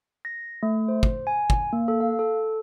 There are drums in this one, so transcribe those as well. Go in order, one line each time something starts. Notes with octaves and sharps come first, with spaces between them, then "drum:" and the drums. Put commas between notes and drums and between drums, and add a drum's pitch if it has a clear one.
A#6
A3
C5
drum: kick
G#5
drum: kick
A#3
A4
F5
A4